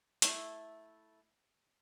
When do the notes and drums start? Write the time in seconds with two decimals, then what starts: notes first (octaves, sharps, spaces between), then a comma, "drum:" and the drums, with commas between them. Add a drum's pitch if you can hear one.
0.22 A3 E4, drum: hi-hat